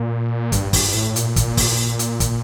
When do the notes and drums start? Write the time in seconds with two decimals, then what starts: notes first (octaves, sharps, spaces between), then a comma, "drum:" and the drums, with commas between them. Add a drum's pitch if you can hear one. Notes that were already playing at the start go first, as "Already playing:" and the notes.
Already playing: A#2
0.52 G2, drum: kick, hi-hat
0.73 G2, drum: kick, open hi-hat
0.94 A2
1.16 A#2, drum: hi-hat
1.36 drum: kick, hi-hat
1.57 drum: kick, open hi-hat
1.99 drum: hi-hat
2.20 drum: kick, hi-hat